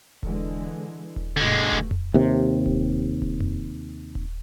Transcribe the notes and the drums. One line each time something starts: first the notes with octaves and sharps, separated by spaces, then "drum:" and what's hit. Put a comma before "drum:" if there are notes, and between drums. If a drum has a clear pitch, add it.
D3 E3 G#3, drum: kick D#1
drum: kick D#1
G2 B2 D3 G#3 A3
drum: kick D#1
drum: tom F2
D#2 C3
drum: kick D#1
drum: kick D#1
drum: tom F2
drum: kick D#1